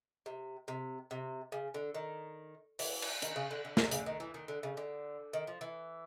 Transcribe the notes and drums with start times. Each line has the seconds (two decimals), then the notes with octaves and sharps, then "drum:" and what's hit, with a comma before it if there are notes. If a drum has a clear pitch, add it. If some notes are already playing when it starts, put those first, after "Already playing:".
0.26 C3
0.68 C3
1.11 C3
1.52 C#3
1.74 D3
1.95 D#3
2.79 E3, drum: open hi-hat
3.02 drum: cymbal
3.22 D#3, drum: hi-hat
3.36 C#3
3.51 D3
3.65 D3
3.77 B2, drum: snare
3.84 C3
3.91 C#3, drum: hi-hat
3.99 D3
4.06 D#3
4.20 E3
4.34 D#3
4.48 D3
4.63 C#3
4.77 D3
5.33 D#3
5.47 F3
5.61 E3